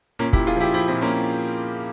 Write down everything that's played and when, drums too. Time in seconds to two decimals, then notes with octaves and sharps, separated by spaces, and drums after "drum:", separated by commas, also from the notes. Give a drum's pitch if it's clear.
0.19 A#2 A#3 C#4
0.33 E4 G4, drum: kick
0.38 A#2
0.47 F4 G#4
0.56 F3 E4 G4
0.74 F3 E4 G4
0.88 C4 E4
0.93 A#2
1.01 A#3 C#4